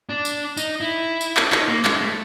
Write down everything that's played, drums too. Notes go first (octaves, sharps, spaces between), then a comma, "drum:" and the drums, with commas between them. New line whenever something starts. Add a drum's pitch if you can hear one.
D4
drum: tambourine
D#4, drum: tambourine
E4
drum: tambourine
drum: clap
D#4, drum: clap
A#3
G#3, drum: clap
A3